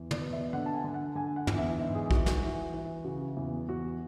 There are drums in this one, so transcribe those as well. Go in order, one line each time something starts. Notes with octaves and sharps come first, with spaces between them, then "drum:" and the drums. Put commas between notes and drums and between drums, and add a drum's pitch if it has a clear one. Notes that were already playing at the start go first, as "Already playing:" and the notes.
Already playing: E2
D5, drum: tom
B2
E5
D3 F#5
A5
G#5
D3
F#5
D3 G#5
F#5
E2, drum: tom
E5
G#2 E5
G#4
E3 F#4, drum: kick
F#4, drum: snare
E3
E3
C#3 F#4
E2
E2 F#4